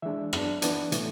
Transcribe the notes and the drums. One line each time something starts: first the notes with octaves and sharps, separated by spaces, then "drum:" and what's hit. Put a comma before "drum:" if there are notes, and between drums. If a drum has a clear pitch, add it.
E3 G#3 D4 E5
F#3 B3 D4, drum: rim click
E3 B3 D4 F#5, drum: hi-hat
A2 E3 A3, drum: hi-hat